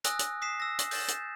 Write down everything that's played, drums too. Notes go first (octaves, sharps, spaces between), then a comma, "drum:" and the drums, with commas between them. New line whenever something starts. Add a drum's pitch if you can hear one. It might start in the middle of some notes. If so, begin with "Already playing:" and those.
G#5 D#6 E6 F#6 A#6, drum: hi-hat
drum: hi-hat
D#6 B6 C7 E7
E6 A#6
drum: hi-hat
G6 A6 E7, drum: open hi-hat
drum: hi-hat